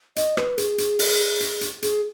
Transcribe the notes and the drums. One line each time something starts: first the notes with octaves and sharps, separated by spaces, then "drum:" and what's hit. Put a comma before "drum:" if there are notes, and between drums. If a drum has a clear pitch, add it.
D#5, drum: hi-hat
B4, drum: rim click
G#4, drum: hi-hat
drum: hi-hat
drum: open hi-hat
drum: hi-hat
drum: hi-hat
G#4, drum: hi-hat